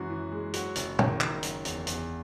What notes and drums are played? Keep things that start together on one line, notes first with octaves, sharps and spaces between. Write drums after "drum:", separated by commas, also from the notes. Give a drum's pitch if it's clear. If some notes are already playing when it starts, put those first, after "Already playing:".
Already playing: F#2 C#3 E3 G#3 F#4
E3
G#3
F#3 F#4, drum: hi-hat
F#1, drum: hi-hat
D#3, drum: tom
F#1, drum: clap
F#3, drum: hi-hat
E2, drum: hi-hat
E2, drum: hi-hat